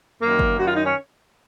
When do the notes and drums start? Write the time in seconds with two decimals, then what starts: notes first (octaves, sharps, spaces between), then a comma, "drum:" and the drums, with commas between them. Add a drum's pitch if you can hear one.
0.21 F#2 D#3 A#3
0.39 drum: kick G1
0.58 F#2 D#3 F#4
0.67 F4
0.75 D#4
0.85 C#4